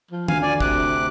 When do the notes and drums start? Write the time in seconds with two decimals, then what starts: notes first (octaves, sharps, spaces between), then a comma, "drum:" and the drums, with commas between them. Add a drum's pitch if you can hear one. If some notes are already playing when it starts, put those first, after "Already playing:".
0.11 F3
0.28 D2 F5 G#5, drum: tom
0.42 D5 G#5
0.60 C3 D6 F#6, drum: kick